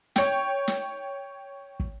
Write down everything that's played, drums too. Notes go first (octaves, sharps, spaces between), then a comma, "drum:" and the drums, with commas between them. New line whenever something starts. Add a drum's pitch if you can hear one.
C#5 G5, drum: snare
drum: snare
drum: kick